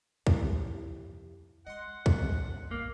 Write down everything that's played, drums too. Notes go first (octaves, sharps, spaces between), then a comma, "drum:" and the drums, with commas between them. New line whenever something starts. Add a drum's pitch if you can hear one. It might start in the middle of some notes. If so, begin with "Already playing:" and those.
F2 C3 F3 E4 G4, drum: kick
G#3 D#5 F#5 C6
C2 A2, drum: kick
A#1 F2 A#3 F5